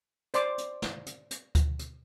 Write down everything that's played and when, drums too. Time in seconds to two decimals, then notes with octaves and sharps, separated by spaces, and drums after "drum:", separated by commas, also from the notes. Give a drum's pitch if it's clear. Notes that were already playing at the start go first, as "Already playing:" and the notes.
0.34 C5 D5 C6 D6, drum: hi-hat
0.58 drum: hi-hat
0.82 drum: snare
1.06 drum: hi-hat
1.31 drum: hi-hat
1.55 drum: kick D2, hi-hat
1.79 drum: hi-hat